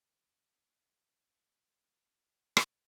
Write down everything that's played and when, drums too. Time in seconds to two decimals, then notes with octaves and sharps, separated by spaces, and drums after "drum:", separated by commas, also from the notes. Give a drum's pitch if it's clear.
0.18 D#3
2.03 E4
2.57 drum: rim click